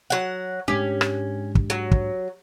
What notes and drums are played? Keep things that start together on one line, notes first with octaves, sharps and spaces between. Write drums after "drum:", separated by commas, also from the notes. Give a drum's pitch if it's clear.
F#3 F#5
G#2 G#3 C#4 D4 G4
drum: rim click
drum: kick
F#3
drum: kick